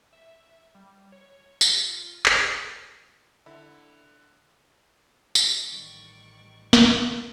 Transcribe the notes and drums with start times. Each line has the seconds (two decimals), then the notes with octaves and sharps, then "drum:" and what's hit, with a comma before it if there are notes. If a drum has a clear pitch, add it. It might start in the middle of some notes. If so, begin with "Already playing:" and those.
0.13 E5
0.75 G3
1.12 C#5
1.61 drum: tambourine
1.81 F4
2.26 E5, drum: clap
2.41 A#5
3.46 D3 E4
5.35 drum: tambourine
5.67 A1 D#3 G3 D5 C#6
6.73 drum: snare